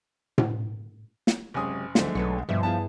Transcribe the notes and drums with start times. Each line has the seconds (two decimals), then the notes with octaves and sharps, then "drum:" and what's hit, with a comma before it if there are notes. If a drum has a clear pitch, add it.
0.38 drum: tom A2
1.27 drum: snare
1.54 F#1 C3 F#3 G#3 G#5 D#6
1.95 D2 D3 F3 F#3 G#3 A3 E5, drum: snare
2.15 B1 F#3 A4 B4 C#5
2.49 G2 B2 F3 E5
2.63 B3 E4 G#4 A5